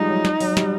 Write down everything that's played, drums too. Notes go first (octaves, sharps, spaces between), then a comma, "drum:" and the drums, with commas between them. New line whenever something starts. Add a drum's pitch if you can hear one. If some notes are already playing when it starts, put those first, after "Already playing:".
Already playing: F3 G3 G#3 D#4
F#3
drum: snare
F#3, drum: open hi-hat
G3, drum: snare